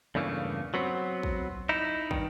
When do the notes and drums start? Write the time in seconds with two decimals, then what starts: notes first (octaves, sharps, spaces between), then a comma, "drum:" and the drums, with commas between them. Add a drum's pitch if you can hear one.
0.15 E2 G2 C#3 A3 A#3
0.74 F#3 B3 C4
1.23 drum: kick
1.69 D#4 E4
2.11 G2 D#3, drum: kick